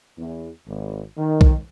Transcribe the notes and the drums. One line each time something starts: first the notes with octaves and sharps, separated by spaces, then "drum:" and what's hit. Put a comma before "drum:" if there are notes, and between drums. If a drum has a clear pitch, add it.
E2
G#1
D#3
drum: kick